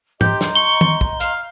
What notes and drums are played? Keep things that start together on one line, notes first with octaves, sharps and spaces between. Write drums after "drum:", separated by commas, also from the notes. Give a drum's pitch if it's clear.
G4 D#5 A#5 C6 G6, drum: tom G#2
drum: snare
C#6 G7
drum: tom
drum: kick
F5, drum: hi-hat